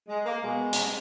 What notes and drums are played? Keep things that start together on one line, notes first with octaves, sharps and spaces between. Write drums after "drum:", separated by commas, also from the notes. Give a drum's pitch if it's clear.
G#3
A#3
B2 G#3
drum: hi-hat